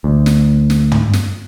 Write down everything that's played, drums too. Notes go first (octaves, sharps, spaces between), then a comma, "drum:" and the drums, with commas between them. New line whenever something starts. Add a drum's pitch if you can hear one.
D2
drum: snare
drum: snare
drum: tom
drum: snare